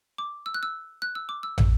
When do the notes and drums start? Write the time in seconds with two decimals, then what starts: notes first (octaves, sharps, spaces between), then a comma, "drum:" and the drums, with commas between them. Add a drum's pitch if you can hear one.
0.18 D6
0.46 E6
0.54 F#6
0.63 E6
1.02 F#6
1.15 E6
1.29 D6
1.43 E6
1.58 drum: tom